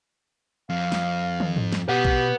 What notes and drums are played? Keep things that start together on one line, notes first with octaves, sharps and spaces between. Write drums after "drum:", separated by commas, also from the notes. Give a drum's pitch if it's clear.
F2 F5
drum: snare
drum: tom
drum: tom G#2
drum: snare
B2 G4 B4 F#5
drum: kick A#1